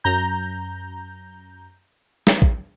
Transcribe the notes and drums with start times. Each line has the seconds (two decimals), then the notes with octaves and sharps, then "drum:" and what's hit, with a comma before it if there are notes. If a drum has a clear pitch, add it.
0.04 F#2 A#5 G6
2.27 drum: snare
2.42 drum: kick